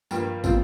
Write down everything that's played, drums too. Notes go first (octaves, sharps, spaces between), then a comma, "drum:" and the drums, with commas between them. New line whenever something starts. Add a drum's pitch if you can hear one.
G2 F3 A#3, drum: tambourine
A#2 F3 C4 F4, drum: kick, tambourine